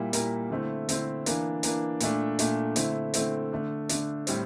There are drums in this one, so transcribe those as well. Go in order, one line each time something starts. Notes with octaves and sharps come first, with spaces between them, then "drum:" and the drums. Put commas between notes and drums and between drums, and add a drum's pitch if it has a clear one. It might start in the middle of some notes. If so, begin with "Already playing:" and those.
Already playing: A#2 G3 A#3 E4
A#2 G3 A#3 E4, drum: hi-hat
D3 A3 C4 E4
D3 A3 C4 E4, drum: hi-hat
E3 A#3 D4, drum: hi-hat
E3 A#3 D4, drum: hi-hat
A#2 A3 D4, drum: hi-hat
A#2 A3 D4, drum: hi-hat
D3 A3 C4 E4, drum: hi-hat
D3 A3 C4 E4, drum: hi-hat
D3 A3 D4
D3 A3 D4, drum: hi-hat
A2 G3 C4, drum: hi-hat